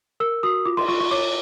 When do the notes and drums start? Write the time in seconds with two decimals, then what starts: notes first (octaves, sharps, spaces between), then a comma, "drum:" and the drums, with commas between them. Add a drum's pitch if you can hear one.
0.20 A#4 E6
0.43 F#4 D#6
0.65 F4 D6
0.77 C6, drum: cymbal
0.88 F4 C#6
1.00 C#6
1.11 C#5 D6